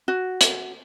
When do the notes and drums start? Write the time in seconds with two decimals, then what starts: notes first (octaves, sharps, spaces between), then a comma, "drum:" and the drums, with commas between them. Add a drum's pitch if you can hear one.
0.08 F#4
0.41 drum: hi-hat